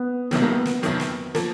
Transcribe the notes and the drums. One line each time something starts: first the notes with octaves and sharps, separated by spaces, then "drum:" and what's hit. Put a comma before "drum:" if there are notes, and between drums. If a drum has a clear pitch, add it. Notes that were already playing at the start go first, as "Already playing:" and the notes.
Already playing: B3
F1 F2 C3 D#3 F#3 B3, drum: snare
A#3
B3
drum: snare
F1 F2 C3 D#3 F#3, drum: hi-hat
drum: snare
F3 A#3, drum: snare